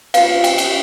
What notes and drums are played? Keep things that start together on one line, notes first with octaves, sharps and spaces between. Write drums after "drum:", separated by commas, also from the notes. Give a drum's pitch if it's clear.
F4 B4 F5, drum: cymbal
G5, drum: cymbal
drum: cymbal